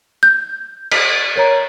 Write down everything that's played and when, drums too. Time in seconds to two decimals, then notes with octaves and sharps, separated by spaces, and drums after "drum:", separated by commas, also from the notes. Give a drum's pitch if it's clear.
0.23 G6
0.92 B6, drum: cymbal
1.36 A#4 C#5 A#5